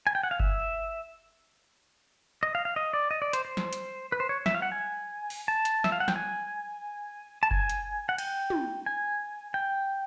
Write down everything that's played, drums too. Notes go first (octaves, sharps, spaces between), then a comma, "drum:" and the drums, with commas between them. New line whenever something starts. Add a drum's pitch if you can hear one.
G#5
G5
F#5
F5
E5, drum: kick F#1
D#5
F5
F5
D#5
D5
D#5
D5
C5, drum: hi-hat
C5
drum: snare
drum: hi-hat
B4
C5
C#5
E5, drum: snare
F5
F#5
G#5
drum: open hi-hat
A5
drum: hi-hat
E5, drum: snare
F5
F#5
G5, drum: snare
G#5
A5
G#5, drum: kick F#1
drum: hi-hat
F#5
G5, drum: cymbal
drum: tom
G#5
G5